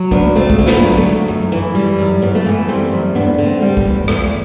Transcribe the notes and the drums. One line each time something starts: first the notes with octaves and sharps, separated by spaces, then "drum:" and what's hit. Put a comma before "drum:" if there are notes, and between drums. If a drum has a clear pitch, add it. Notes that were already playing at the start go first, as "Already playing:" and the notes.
Already playing: F#3
D2 B3 D4, drum: kick
D2 A3 C4
drum: kick
D3
B3, drum: snare
F#3
A3
D2
F#2
E3
G3
F#2
F#2 B3
A3
E3 B3
G3 A3 C4
F#2
E2 B3 D4
D3
A3 C4
G3
B3, drum: kick
E2
E2 A3, drum: rim click